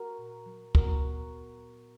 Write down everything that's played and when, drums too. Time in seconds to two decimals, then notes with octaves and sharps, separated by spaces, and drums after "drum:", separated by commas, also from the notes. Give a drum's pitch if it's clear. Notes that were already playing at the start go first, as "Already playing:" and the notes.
Already playing: F#4 A#4
0.18 A#2
0.46 F#3
0.75 B3 F#4 A#4, drum: kick
1.03 A#2